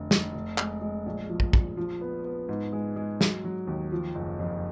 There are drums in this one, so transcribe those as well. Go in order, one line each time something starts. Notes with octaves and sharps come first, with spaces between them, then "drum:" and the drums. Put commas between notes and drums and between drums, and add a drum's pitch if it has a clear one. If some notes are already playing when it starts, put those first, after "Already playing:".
Already playing: F1 D3
F1, drum: snare
F1
G#3, drum: clap
G#3
A#1
F3
drum: kick
A#1, drum: kick
F3
B3
B3
G#2
G#3
G#3
F#3, drum: snare
F#3
D#2
F3
F#1
F2